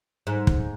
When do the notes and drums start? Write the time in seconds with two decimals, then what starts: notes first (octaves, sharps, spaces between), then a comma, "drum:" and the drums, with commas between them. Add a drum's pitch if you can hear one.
0.27 G#2
0.47 drum: kick